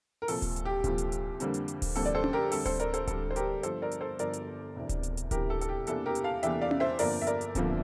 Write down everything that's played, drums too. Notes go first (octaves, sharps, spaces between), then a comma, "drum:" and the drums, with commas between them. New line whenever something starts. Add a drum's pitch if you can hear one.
A#4
C2 A#2 F3 A4, drum: open hi-hat
drum: kick D1, hi-hat
drum: hi-hat
G4
C2 A#2 F3, drum: kick D1, hi-hat
drum: hi-hat
drum: hi-hat
F2 D3 G3 A#3, drum: hi-hat
drum: hi-hat
drum: hi-hat
drum: kick D1, open hi-hat
F2 D3 G3 A#3 A4, drum: hi-hat
D5
A4 C5
drum: tom C#4
G4 A#4
D2 D3 G3 C4 A4, drum: open hi-hat
A4 C5, drum: kick D1, hi-hat
A#4 D5, drum: hi-hat
A4 C5, drum: hi-hat
D2 D3 G3 C4 A4, drum: kick D1, hi-hat
C5
G4 A#4, drum: hi-hat
G1 G2 F3 A4 C5, drum: hi-hat
A#4 D5
drum: hi-hat
A4 C5
G1 G2 F3 A#4 D5, drum: hi-hat
drum: hi-hat
E1 D2 C3 E3
drum: kick D1, hi-hat
drum: hi-hat
drum: hi-hat
E1 D2 C3 E3 G4 A#4, drum: kick D1, hi-hat
A4
A4, drum: hi-hat
G4
E2 C3 E3 A#3 D4 A4, drum: hi-hat
G4 A#4
drum: hi-hat
F5 A5
E2 C3 E3 A#3 D4 E5 G5, drum: hi-hat
D5 F5
drum: tom C#4
C5 E5
G1 F2 D3 F3 A#3 A#4 D5, drum: open hi-hat
E5
A#4 D5, drum: hi-hat
drum: hi-hat
G1 F2 D3 F3 A#3, drum: kick D1, hi-hat